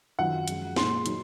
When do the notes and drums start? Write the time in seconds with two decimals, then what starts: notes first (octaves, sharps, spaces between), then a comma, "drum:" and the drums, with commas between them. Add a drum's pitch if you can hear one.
0.18 F#2 D#3 F#3 C4 F4 F#5
0.48 F#2 F3 G#3, drum: hi-hat
0.76 A#2 G#3 D#4 C6, drum: snare
1.06 F#3 A#3 D#4, drum: hi-hat